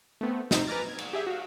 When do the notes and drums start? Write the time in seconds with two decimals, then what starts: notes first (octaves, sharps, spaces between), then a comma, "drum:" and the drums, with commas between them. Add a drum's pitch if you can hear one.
0.21 A3 B3 C4
0.51 C3 D#4 C5 E5, drum: snare
0.67 B4 G#5 A#5 D6 F6 A6
0.89 G#6
0.98 drum: cymbal
1.13 G4 G#4 E5
1.27 F#4 F5